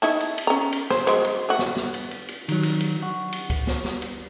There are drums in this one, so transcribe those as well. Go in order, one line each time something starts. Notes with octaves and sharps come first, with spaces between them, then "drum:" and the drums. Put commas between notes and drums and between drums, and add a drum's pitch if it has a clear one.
D#4 E4 A5, drum: cymbal
drum: cymbal
drum: cymbal
C#4 A#5
drum: cymbal
C5, drum: snare
F#3 G#3 C5, drum: cymbal
drum: cymbal
A3 F#4
drum: snare
drum: snare
drum: cymbal
drum: cymbal
drum: cymbal
D#3 F#3, drum: cymbal
drum: cymbal
drum: cymbal
F#4
drum: cymbal
drum: kick C#2, cymbal
drum: snare
drum: snare
drum: cymbal